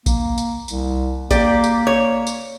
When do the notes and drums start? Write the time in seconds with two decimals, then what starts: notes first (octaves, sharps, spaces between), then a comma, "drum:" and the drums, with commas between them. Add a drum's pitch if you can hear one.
0.06 A#3, drum: kick A#1, tambourine
0.38 drum: tambourine
0.68 C2, drum: tambourine
1.31 A#3 G4 D5, drum: kick A#1, tambourine
1.64 drum: tambourine
1.87 C#5
2.27 drum: tambourine